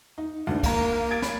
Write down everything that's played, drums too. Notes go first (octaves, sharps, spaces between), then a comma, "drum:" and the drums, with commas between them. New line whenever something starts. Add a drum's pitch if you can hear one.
D#4
D2 D4
A#3 F5 A#5, drum: kick, cymbal
G#6 A6 D7
B5, drum: snare